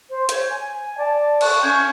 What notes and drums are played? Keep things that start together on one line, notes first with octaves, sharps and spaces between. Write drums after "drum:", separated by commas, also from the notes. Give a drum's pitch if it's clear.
C5
C#5 G6, drum: hi-hat
G#5
D5 A5
C#6 F#6, drum: cymbal
C#4 C#6 G6 G#6